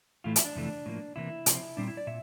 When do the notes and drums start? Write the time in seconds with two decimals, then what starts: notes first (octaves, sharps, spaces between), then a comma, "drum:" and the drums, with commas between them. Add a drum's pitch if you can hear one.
0.24 A2 E3 A3 F4
0.36 E4, drum: hi-hat
0.45 D4
0.56 F2 C3 E3 A3
0.86 A2 F3 A#3
1.16 C3 E3 A#3 E4
1.46 C3 F3 C4, drum: hi-hat
1.77 A#2 G3 C4 D4
1.88 E4
1.97 D5
2.07 A#2 E5